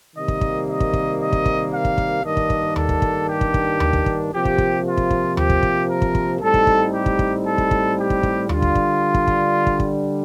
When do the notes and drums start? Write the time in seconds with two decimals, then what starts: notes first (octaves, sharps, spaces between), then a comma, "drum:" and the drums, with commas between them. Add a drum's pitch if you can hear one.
0.15 C3 D#3 G3 A#3 D#5
0.28 drum: kick
0.41 drum: kick
0.68 D#5
0.80 drum: kick
0.93 drum: kick
1.19 D#5
1.33 drum: kick
1.46 drum: kick
1.72 F5
1.85 drum: kick
1.98 drum: kick
2.24 G2 D#3 A#3 D4 D#5
2.37 drum: kick
2.50 drum: kick
2.76 A4, drum: tom D#2
2.89 drum: kick
3.02 drum: kick
3.28 G4
3.41 drum: kick
3.54 drum: kick
3.80 drum: tom D#2
3.93 drum: kick
4.06 drum: kick
4.32 C3 F3 A#3 G4
4.45 drum: kick
4.58 drum: kick
4.85 F4
4.97 drum: kick
5.10 drum: kick
5.37 G4, drum: tom D#2
5.50 drum: kick
5.63 drum: kick
5.88 A#4
6.02 drum: kick
6.15 drum: kick
6.40 A2 G3 C4 D#4 A4
6.54 drum: kick
6.67 drum: kick
6.93 G4
7.06 drum: kick
7.19 drum: kick
7.45 A4
7.58 drum: kick
7.71 drum: kick
7.97 G4
8.10 drum: kick
8.23 drum: kick
8.49 D3 G3 D4 F4, drum: tom D#2
8.62 drum: kick
8.75 drum: kick
9.14 drum: kick
9.28 drum: kick
9.67 drum: kick
9.80 drum: kick